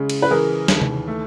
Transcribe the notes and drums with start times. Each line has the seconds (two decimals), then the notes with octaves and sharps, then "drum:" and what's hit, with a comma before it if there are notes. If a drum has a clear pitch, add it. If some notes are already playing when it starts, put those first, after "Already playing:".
Already playing: C#3 G#3
0.10 drum: cymbal
0.22 B4
0.31 E3 G#4 A#4
0.68 D#2, drum: snare
0.82 drum: tom C3
1.08 A3